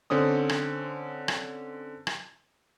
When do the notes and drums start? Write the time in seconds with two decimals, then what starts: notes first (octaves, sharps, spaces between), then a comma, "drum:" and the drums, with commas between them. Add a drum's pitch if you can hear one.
0.10 D3 C4 C#4 D#6
0.49 drum: rim click
1.28 drum: rim click
2.07 drum: rim click